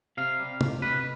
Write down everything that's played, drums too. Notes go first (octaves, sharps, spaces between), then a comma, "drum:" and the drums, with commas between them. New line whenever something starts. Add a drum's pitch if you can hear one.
C3 F5
G3
C3, drum: tom
B2 B4